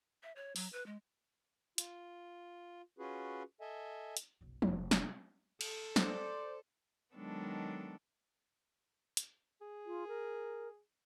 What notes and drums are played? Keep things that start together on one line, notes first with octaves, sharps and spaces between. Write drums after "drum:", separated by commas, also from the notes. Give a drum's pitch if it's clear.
E5
C#5
F#3, drum: open hi-hat
B4
G#3
F4, drum: hi-hat
C#4 F4 F#4 G#4 B4
A4 D#5 E5 G#5
drum: hi-hat
F#1 B1
F1 B1, drum: tom F3
drum: snare
A4, drum: cymbal
C5 D5, drum: snare
D#3 F#3 G#3 B3 D4 A4
drum: hi-hat
G#4
F4
A#4